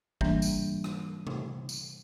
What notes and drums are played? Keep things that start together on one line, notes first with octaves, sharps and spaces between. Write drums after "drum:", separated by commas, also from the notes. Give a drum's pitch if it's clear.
G#2 E3 G3 A#3 D4, drum: kick
drum: tambourine
drum: rim click
drum: tom C3
drum: tambourine